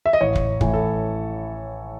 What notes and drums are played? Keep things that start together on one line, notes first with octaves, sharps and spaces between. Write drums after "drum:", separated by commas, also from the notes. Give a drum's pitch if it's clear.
E5
D#5
A1 C#5
drum: kick
A2 E3, drum: kick
A4